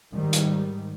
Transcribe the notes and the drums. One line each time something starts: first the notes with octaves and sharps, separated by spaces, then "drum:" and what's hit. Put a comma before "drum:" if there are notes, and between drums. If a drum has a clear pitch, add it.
G#2 D#3 G3
drum: hi-hat